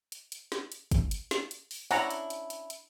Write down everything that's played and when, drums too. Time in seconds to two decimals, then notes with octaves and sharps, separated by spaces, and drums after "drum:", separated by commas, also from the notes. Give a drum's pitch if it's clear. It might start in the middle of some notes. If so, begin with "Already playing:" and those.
0.12 drum: hi-hat
0.32 drum: hi-hat
0.52 drum: snare
0.72 drum: hi-hat
0.91 drum: kick, hi-hat
1.11 drum: hi-hat
1.31 drum: snare
1.51 drum: hi-hat
1.71 drum: open hi-hat
1.91 C#4 D4 E4 F#5 A#5, drum: open hi-hat
2.10 drum: hi-hat
2.30 drum: hi-hat
2.50 drum: hi-hat
2.70 drum: hi-hat